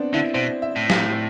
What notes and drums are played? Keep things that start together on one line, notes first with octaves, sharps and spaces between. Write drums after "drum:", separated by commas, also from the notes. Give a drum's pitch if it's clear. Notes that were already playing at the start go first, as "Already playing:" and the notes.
Already playing: B3 C4 D4
D3 E4
B2 C5
E5
A2
F5, drum: snare